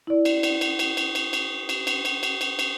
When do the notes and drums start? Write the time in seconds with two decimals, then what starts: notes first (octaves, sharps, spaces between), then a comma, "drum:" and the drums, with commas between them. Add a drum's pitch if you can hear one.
0.07 E4 D5
0.25 drum: cymbal
0.43 drum: cymbal
0.61 drum: cymbal
0.79 drum: cymbal
0.97 drum: cymbal
1.15 drum: cymbal
1.33 drum: cymbal
1.69 drum: cymbal
1.87 drum: cymbal
2.05 drum: cymbal
2.23 drum: cymbal
2.41 drum: cymbal
2.59 drum: cymbal